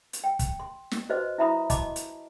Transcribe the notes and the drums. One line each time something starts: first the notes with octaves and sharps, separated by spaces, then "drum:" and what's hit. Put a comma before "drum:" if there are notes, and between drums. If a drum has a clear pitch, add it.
drum: hi-hat
G5
drum: kick, hi-hat
C6
drum: snare
F#4 B4 C5 D#5
E4 E5 A#5 B5 D#6
D#5 A5 C6 D6, drum: kick, hi-hat
drum: hi-hat